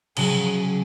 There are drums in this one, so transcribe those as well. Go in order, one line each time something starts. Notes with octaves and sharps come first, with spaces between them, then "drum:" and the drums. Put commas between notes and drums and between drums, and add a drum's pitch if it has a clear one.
C#3 F#3 G#4, drum: cymbal